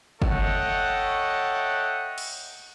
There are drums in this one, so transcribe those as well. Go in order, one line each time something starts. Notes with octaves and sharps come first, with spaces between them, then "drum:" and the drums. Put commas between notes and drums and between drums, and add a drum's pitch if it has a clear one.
A4 C#5 D#5 E5 F#5 G5, drum: kick G1
drum: cymbal